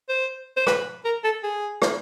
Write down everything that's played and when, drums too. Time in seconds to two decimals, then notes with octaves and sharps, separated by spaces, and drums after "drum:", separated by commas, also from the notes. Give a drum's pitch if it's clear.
0.09 C5
0.57 C5
0.67 B4, drum: rim click
1.05 A#4
1.24 A4
1.43 G#4
1.82 drum: rim click